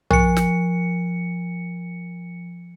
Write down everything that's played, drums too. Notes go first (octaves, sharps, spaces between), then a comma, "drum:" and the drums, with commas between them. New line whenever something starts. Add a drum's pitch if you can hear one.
F3 C#7, drum: tom B1
drum: snare